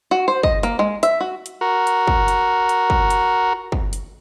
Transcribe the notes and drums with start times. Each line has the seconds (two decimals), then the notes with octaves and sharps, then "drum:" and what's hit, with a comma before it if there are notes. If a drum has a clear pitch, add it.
0.11 F#4
0.28 C5
0.43 D#5, drum: kick
0.63 A#3, drum: hi-hat
0.79 G#3
1.03 E5, drum: hi-hat
1.20 F#4
1.46 drum: hi-hat
1.61 F#4 A#4
1.87 drum: hi-hat
2.07 drum: kick
2.28 drum: hi-hat
2.69 drum: hi-hat
2.90 drum: kick
3.10 drum: hi-hat
3.72 drum: kick
3.93 drum: hi-hat